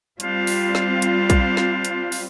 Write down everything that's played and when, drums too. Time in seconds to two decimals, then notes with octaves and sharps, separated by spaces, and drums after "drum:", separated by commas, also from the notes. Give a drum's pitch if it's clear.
0.20 G3 C4 D4 F4 C5 F5, drum: hi-hat
0.47 drum: open hi-hat
0.75 drum: snare
1.02 drum: hi-hat
1.30 drum: kick, hi-hat
1.57 drum: snare
1.85 drum: hi-hat
2.12 drum: open hi-hat